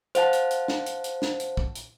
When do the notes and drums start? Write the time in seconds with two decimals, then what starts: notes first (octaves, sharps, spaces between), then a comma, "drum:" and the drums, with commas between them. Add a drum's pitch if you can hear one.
0.15 C5 F5 F#5 A5, drum: hi-hat
0.33 drum: hi-hat
0.51 drum: hi-hat
0.68 drum: snare
0.86 drum: hi-hat
1.04 drum: hi-hat
1.22 drum: snare
1.40 drum: hi-hat
1.57 drum: kick
1.75 drum: hi-hat